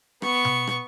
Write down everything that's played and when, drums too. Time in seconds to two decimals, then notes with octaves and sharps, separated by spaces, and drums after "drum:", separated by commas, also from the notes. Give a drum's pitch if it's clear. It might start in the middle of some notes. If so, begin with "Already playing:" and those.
0.22 B3 C#6, drum: rim click
0.45 drum: tom B2
0.67 drum: rim click